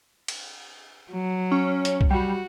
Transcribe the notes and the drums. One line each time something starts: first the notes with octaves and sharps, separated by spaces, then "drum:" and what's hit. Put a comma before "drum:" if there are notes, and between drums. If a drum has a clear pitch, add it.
drum: cymbal
F#3
C#4
drum: hi-hat
drum: kick
G3 F#4